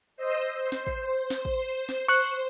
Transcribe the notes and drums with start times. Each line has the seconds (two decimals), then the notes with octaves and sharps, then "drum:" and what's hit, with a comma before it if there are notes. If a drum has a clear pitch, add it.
0.17 C5 D#5 E6
0.58 C5
0.72 drum: snare
0.87 drum: kick A1
1.30 drum: snare
1.45 drum: kick A1
1.89 drum: snare
2.08 C#6 F#6